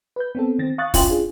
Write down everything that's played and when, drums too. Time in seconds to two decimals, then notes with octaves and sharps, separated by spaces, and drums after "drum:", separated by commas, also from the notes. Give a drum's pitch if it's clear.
0.16 B4 G6
0.35 B3 C4 A4
0.59 D#3 C4 A6 A#6
0.78 F5 C#6 D#6 F#6 A6
0.94 C#4 E4 F4 G5 G#5 C6, drum: kick, open hi-hat
1.09 D4 F4 G#4